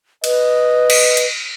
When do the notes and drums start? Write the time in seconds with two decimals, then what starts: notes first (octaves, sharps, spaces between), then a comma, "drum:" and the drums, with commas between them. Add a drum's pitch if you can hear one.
0.24 B4 D#5, drum: cymbal
0.90 drum: cymbal
1.17 drum: hi-hat